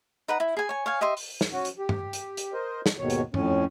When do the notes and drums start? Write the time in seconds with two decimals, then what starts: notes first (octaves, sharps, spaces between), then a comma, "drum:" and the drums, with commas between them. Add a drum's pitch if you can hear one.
0.28 D#4 B4 F#5 A#5
0.40 E4
0.57 G#4 G#5
0.69 C#5 G#5
0.86 C#5 F5 G#5
1.01 G4 D#5 E5 C6
1.17 drum: open hi-hat
1.41 drum: snare
1.52 C#4 F#4
1.65 drum: hi-hat
1.79 G4
1.89 drum: tom G2
2.13 drum: hi-hat
2.37 drum: hi-hat
2.53 A#4 C5 D#5
2.86 drum: snare
2.99 D#2 G#2 B2 D#3 C#5
3.10 drum: hi-hat
3.34 F2 A2 C#4, drum: tom G2